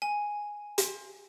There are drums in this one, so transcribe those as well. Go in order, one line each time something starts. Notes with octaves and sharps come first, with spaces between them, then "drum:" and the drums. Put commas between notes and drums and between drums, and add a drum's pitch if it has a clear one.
G#5
drum: hi-hat